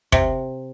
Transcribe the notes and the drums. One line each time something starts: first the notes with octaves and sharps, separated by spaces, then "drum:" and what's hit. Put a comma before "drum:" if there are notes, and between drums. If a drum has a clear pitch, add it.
C3, drum: kick